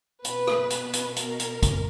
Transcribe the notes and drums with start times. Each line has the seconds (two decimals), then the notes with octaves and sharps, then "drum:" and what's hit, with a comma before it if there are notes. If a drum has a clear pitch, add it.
0.25 B2 B4, drum: hi-hat
0.47 drum: rim click
0.70 drum: hi-hat
0.93 drum: hi-hat
1.16 A#4, drum: hi-hat
1.40 drum: hi-hat
1.63 drum: kick, hi-hat